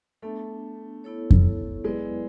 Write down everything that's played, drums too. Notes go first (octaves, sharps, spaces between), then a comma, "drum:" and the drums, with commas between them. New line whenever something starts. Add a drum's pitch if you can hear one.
A3 B3 D4 A4
B3 E4 A4 C#5
drum: kick F2
F#3 G#3 B3 E4 B4 D5